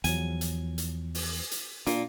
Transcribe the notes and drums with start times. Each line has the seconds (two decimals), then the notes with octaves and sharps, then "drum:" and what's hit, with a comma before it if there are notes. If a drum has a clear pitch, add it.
0.04 E2 F3 F#3 G#5, drum: hi-hat
0.41 drum: hi-hat
0.78 drum: hi-hat
1.15 drum: open hi-hat
1.51 drum: hi-hat
1.87 A#2 D4, drum: hi-hat